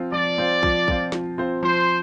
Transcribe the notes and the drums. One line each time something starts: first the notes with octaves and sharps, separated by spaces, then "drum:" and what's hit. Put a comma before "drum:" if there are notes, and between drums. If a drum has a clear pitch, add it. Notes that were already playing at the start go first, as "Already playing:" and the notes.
Already playing: F3 C4 F4 C5
F3 D5
C4 F4 C5
F3, drum: kick
C4 F4 C5, drum: kick
F3, drum: snare
C4 F4 C5
F3 C5